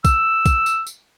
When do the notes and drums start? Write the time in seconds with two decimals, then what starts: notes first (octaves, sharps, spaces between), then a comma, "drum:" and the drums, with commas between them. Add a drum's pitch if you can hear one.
0.05 E6, drum: kick, tambourine
0.46 drum: kick, tambourine
0.66 drum: tambourine
0.87 drum: tambourine